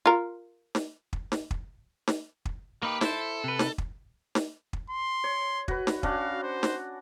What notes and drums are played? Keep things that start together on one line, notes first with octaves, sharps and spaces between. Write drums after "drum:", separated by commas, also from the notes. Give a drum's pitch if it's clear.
F4 A#4
drum: snare
drum: kick
drum: snare
drum: kick
drum: snare
drum: kick
A#3 D#4 G4 A#4 B4
E4 A4 C5, drum: snare
C3 B4
drum: snare
drum: kick
drum: snare
drum: kick
C6
C#5
F#4 B4, drum: kick
drum: snare
C#4 D4 F#4 F5, drum: kick
C5
drum: snare